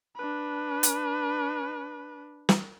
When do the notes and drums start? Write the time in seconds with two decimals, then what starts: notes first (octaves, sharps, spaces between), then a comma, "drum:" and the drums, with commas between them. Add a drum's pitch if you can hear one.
0.16 D4 B4
0.83 drum: hi-hat
2.49 drum: snare